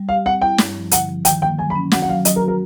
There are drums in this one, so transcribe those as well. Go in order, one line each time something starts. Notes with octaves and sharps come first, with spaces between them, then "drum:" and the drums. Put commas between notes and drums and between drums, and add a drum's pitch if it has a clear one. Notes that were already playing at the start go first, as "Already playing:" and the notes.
Already playing: G3
G4 F5
C4 F#5
E4 G5
G2, drum: snare
F3
D3 F#5, drum: hi-hat
F3
D#3 G5, drum: hi-hat
A#3 G5
F#3 G#5
B5
C#4
F#4 F#5, drum: snare
F#5
F#3 F5
F#3 D#5, drum: hi-hat
A#4
F#4
A#4